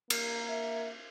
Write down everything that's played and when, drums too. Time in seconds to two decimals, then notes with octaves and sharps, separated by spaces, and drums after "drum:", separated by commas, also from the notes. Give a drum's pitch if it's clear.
0.10 A#3 A#4, drum: cymbal
0.48 E5